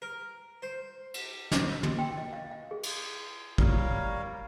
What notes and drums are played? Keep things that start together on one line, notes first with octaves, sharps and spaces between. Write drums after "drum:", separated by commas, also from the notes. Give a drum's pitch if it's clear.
A#4
C5
drum: cymbal
D#5, drum: snare
E6
F#4, drum: tom
G5
D#5
F5
F5
G#4
drum: cymbal
G3 A#4 C#5 F5, drum: kick